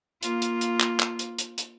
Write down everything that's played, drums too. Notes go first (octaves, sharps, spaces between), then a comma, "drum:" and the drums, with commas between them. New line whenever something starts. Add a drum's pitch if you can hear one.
A#3 F4, drum: hi-hat
drum: hi-hat
drum: hi-hat
drum: clap
drum: clap
drum: hi-hat
drum: hi-hat
drum: hi-hat